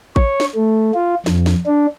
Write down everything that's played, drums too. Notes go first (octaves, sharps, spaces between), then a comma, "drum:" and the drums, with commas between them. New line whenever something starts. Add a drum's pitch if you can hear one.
C#5, drum: kick A1
drum: snare
A3
F4
F2, drum: snare
drum: snare
D4